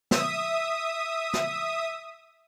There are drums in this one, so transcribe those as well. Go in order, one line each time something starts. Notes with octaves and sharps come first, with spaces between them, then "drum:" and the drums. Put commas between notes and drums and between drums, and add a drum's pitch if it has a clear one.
E5 D#6, drum: snare
drum: snare